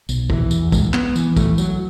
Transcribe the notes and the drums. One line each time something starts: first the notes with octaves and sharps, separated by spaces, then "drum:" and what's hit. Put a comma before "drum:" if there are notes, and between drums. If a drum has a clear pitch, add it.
B1, drum: tambourine
E3, drum: kick
E2, drum: tambourine
G#3, drum: kick, tambourine
B3, drum: clap
E3, drum: tambourine
A3, drum: kick, tambourine
F#3, drum: tambourine